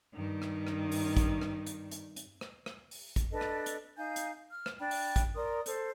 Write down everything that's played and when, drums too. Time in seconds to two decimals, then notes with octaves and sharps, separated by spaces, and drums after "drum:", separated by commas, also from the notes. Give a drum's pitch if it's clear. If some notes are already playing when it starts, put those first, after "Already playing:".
0.14 G2 D#3
0.42 drum: rim click
0.67 drum: rim click
0.92 drum: open hi-hat
1.17 drum: kick A1, hi-hat
1.42 drum: rim click
1.66 drum: hi-hat
1.91 drum: hi-hat
2.16 drum: hi-hat
2.41 drum: rim click
2.66 drum: rim click
2.91 drum: open hi-hat
3.16 drum: kick A1, hi-hat
3.31 D4 A4 B4 D#5
3.41 drum: rim click
3.66 drum: hi-hat
3.96 D#4 F5 G#5 G6
4.16 drum: hi-hat
4.50 F6
4.66 drum: rim click
4.79 D4 G5 B5
4.91 drum: open hi-hat
5.16 drum: kick A1, hi-hat
5.35 A#4 D5 C6 D#6
5.66 A4 C5, drum: hi-hat